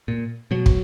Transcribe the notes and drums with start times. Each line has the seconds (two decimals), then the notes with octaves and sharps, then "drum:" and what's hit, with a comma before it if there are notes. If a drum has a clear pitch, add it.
0.08 A#2
0.51 B2 F#3
0.66 drum: kick